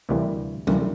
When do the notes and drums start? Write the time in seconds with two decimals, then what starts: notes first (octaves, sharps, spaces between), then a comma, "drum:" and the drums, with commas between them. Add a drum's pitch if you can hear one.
0.09 D2 C3 E3 G3 A#3
0.67 D2 C3 E3 G3 A#3, drum: tom F#3